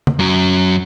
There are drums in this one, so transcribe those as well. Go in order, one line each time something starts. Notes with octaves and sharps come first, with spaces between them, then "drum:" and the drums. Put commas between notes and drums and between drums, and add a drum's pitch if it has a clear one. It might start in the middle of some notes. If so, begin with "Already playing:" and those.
drum: tom
F#2 F#3